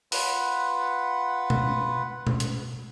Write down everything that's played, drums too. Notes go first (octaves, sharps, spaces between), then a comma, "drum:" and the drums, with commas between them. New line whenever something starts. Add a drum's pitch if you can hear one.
F4 B4 F#5, drum: open hi-hat
drum: tom B2
drum: tom B2
drum: hi-hat